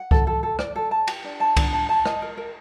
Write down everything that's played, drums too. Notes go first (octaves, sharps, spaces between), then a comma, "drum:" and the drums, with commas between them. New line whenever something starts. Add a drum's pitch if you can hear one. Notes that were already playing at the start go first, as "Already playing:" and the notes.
Already playing: F#5
A4, drum: kick C2
A4
A4
D5, drum: rim click
A4
A5
G4, drum: cymbal
D4
A5
D4, drum: kick C2, cymbal
A5
A5
D#5, drum: rim click
A#4
A#4